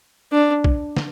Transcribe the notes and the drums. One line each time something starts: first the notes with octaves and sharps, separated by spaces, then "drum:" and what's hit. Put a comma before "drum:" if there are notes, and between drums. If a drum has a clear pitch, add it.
D4
drum: kick B1
drum: snare